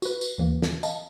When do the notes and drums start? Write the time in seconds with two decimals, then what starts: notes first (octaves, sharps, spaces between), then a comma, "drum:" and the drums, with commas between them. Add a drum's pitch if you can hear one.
0.02 F#4 B4, drum: tambourine
0.21 drum: tambourine
0.38 D#2 E3 A#3
0.62 drum: snare
0.83 D#5 F5 A5, drum: tambourine